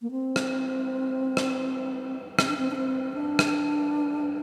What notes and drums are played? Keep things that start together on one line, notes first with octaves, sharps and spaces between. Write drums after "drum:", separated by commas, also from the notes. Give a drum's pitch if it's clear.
A#3
C4
drum: rim click
drum: rim click
C4, drum: rim click
D4
C4
D4
C4
D4
drum: rim click